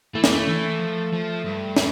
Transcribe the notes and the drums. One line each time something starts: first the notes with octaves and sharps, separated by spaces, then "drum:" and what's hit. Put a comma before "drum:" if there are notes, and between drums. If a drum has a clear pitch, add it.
E3 A3
A#3, drum: snare
A3
E3
F3
F3
G2
A2, drum: snare